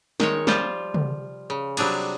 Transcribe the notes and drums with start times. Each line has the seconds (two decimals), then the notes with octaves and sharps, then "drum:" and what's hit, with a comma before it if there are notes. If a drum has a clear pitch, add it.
0.20 D#3 G#3 C#5, drum: snare
0.47 F3 G3 F4 C5, drum: snare
0.94 drum: tom
1.50 C#3
1.77 C3 F#3 G3 D4 G#4, drum: cymbal